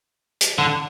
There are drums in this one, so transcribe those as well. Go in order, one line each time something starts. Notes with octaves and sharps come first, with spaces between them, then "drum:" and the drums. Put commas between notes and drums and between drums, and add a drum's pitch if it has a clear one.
drum: hi-hat
D3